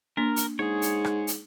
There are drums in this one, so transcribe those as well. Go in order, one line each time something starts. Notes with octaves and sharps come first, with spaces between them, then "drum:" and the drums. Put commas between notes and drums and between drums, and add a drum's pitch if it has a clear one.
A#3 D4 A#4
drum: hi-hat
G#2 G#4 C#5
drum: hi-hat
drum: rim click
drum: hi-hat